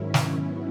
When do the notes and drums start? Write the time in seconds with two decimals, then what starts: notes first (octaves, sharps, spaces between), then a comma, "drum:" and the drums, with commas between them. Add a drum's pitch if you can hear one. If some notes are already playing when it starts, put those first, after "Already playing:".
Already playing: G#2 D#3 F#3 C#4 E4
0.14 drum: snare
0.35 G#2 F#3 B3